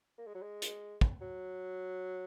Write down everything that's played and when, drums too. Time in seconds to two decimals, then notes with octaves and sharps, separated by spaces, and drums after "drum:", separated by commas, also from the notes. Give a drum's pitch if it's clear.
0.18 A#3
0.27 G#3
0.35 F#3
0.42 G#3
0.62 drum: hi-hat
1.01 drum: kick
1.21 F#3